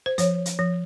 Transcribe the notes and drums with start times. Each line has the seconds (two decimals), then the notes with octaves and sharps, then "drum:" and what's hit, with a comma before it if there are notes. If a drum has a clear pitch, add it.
0.06 C5
0.18 F3 C#5, drum: hi-hat
0.46 drum: hi-hat
0.59 F3